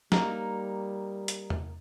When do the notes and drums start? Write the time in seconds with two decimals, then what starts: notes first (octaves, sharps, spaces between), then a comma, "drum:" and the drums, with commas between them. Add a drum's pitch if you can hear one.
0.12 G3 A#3 D#4, drum: snare
1.28 drum: hi-hat
1.50 drum: tom E2